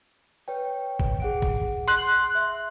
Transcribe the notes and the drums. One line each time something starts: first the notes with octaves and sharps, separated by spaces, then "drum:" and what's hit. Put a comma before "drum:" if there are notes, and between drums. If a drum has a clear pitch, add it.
B4 C#5 G5
drum: kick
G#4 F#5 D7
drum: kick
C6 F#6, drum: hi-hat
E5